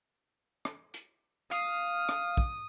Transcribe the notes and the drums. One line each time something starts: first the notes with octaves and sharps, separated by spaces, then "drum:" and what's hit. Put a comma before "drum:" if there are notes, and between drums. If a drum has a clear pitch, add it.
drum: rim click
drum: hi-hat
F5 D#6, drum: hi-hat
drum: rim click
drum: kick